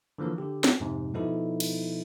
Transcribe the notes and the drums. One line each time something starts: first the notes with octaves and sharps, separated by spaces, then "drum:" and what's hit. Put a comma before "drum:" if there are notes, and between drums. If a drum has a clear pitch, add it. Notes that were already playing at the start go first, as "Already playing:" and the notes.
D3 E3 F3 A#3 A#4
D3 G4
drum: snare
F2 G#2 C3
B2 F3 B3 D#4 E4 A4
drum: cymbal